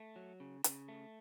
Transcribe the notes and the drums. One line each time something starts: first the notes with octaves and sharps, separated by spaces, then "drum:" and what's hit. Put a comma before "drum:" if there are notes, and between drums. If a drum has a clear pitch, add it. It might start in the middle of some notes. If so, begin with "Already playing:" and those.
Already playing: A3
F#3
C#3
C#3, drum: hi-hat
A3